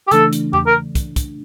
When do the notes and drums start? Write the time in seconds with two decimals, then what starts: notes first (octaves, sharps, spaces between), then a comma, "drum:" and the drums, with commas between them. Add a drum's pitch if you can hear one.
0.08 G4
0.11 C#3 E3 A3 D4 A4, drum: hi-hat
0.33 drum: hi-hat
0.53 G4, drum: tom E2
0.66 A#4
0.95 drum: kick, hi-hat
1.16 drum: kick, hi-hat